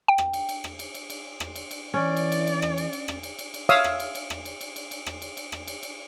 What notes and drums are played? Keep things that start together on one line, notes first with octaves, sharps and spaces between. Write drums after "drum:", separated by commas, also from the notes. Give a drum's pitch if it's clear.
G5
drum: rim click
drum: cymbal
drum: cymbal
drum: rim click
drum: cymbal
drum: cymbal
drum: cymbal
drum: rim click
drum: cymbal
drum: cymbal
E3 C#4 D5
drum: cymbal
drum: cymbal
drum: cymbal
drum: rim click
drum: cymbal
drum: cymbal
drum: rim click
drum: cymbal
drum: cymbal
drum: cymbal
C#5 E5 F5 D#6 E6, drum: cymbal
drum: rim click
drum: cymbal
drum: cymbal
drum: rim click
drum: cymbal
drum: cymbal
drum: cymbal
drum: cymbal
drum: rim click
drum: cymbal
drum: cymbal
drum: rim click
drum: cymbal
drum: cymbal